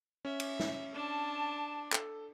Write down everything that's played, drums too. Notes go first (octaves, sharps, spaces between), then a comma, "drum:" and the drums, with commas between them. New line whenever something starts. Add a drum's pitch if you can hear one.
C#4 E5
drum: cymbal
drum: snare
D4 A5
A4, drum: clap